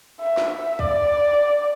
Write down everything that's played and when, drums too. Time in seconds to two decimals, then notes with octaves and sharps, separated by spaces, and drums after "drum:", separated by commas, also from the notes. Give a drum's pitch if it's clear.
0.20 E5
0.37 drum: snare
0.50 E5
0.79 D5, drum: kick